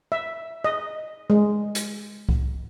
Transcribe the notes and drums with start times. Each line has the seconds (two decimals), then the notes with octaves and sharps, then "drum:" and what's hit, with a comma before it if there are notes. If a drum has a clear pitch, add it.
0.12 E5
0.65 D#5
1.30 G#3
1.75 drum: hi-hat
2.29 drum: kick C2